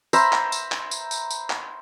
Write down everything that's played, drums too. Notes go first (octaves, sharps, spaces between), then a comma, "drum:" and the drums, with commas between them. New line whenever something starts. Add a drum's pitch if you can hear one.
C5 E5 A#5 B5, drum: tambourine
drum: clap
drum: tambourine
drum: clap
drum: tambourine
drum: tambourine
drum: tambourine
drum: clap